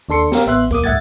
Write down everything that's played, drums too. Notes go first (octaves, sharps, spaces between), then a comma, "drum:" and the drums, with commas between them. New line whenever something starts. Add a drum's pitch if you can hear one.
D#2 D4 A4 C6 C#7
G4 A#4 F5, drum: snare
A1 B3 E5 C6 F#6
A#3 D6 D#6, drum: kick
G#2 E5 F#5 G#6 A6, drum: kick